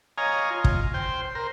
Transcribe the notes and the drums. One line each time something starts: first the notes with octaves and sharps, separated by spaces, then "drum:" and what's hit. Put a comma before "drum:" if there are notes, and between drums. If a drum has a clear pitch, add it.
C#5 D#5 F5 G#5 A#5
F4
drum: kick
C5 G5
A#4 C5